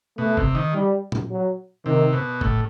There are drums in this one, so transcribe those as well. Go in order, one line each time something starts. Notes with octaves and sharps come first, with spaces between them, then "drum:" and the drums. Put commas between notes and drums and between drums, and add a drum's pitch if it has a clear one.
B2 A3
C3, drum: kick
D#3
G3
drum: tom
F#3
C3 D#3
B2
A2, drum: kick